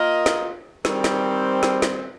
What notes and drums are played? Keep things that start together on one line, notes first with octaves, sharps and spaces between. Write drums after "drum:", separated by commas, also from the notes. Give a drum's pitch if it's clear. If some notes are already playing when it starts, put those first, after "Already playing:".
Already playing: A#3 F4 A#4 D#5
drum: snare
D#3 G3 C4, drum: snare
drum: snare
drum: snare
drum: snare